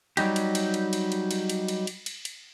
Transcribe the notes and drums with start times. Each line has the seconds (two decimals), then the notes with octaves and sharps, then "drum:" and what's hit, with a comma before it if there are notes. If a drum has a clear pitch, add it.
0.17 F#3 G3 D#4 G4, drum: cymbal
0.36 drum: cymbal
0.55 drum: cymbal
0.74 drum: cymbal
0.93 drum: cymbal
1.12 drum: cymbal
1.31 drum: cymbal
1.50 drum: cymbal
1.68 drum: cymbal
1.87 drum: cymbal
2.06 drum: cymbal
2.25 drum: cymbal